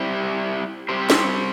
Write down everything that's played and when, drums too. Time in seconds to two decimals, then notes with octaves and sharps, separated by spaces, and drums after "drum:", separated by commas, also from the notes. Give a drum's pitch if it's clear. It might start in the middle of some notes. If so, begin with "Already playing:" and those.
Already playing: G3 C4 E4 G4
0.89 G3 C4 G4 C5
1.10 drum: snare